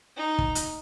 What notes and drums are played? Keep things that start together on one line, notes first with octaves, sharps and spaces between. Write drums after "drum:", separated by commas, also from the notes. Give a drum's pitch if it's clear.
D#4
drum: kick
drum: hi-hat